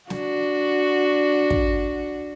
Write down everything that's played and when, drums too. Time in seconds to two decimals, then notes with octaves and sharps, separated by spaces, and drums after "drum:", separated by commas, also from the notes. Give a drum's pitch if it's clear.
0.10 D4 F#4, drum: snare
1.50 drum: kick